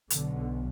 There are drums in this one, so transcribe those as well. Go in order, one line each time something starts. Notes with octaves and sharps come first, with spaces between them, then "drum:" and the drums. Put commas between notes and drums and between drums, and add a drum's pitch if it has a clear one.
B1 B2 D3, drum: hi-hat